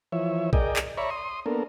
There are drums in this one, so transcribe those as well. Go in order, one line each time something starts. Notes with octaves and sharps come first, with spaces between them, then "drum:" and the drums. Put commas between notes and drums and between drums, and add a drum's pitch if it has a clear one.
E3 F3 C#5 E5
G#4 A#4 D5 D#5 G5, drum: kick A1
drum: clap
C#5 D5 E5 A#5 B5 C#6
C6 D#6
A#3 B3 D4 A4 A#4